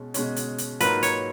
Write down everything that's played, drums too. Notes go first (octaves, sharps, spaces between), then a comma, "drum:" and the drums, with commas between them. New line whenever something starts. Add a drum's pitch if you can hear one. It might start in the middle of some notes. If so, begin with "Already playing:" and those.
Already playing: B2 G#3 C#4
B2 G#3 C#4, drum: hi-hat
drum: hi-hat
drum: hi-hat
G#2 F#3 A#3 F4 B4, drum: hi-hat
C#5, drum: hi-hat